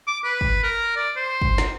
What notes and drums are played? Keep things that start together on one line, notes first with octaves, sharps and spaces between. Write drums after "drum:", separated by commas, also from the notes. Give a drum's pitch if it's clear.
D6
B4
drum: kick
A#4
D5
C5
drum: kick
drum: snare